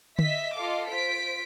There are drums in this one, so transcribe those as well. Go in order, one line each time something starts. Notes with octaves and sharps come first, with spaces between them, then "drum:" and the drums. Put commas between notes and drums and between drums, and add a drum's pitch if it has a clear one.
D#5 E5 B6, drum: tom D3
F4 A4 D#5 F5 D6
F4 C5 B6 D7